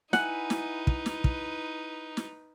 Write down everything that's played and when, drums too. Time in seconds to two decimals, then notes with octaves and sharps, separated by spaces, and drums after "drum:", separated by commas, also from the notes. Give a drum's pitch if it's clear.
0.13 D#4 E4 B4 F#5 G#5, drum: snare
0.50 drum: snare
0.87 drum: kick
1.06 drum: snare
1.24 drum: kick
2.17 drum: snare